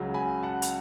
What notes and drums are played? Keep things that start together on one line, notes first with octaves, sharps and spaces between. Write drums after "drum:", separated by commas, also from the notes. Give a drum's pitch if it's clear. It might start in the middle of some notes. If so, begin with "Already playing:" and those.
Already playing: C#2 C#3 F#3
G#5 B5
F#5 A5
drum: hi-hat